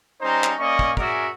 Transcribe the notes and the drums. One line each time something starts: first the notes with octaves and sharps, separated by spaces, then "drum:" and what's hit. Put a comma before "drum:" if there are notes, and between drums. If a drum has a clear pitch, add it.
G3 C#4 D#4 C5 A#5
drum: clap
A#3 C#4 D5 D#5 C#6 D#6
drum: kick
C#4 F#4 G#4 A#4 D5 E5, drum: kick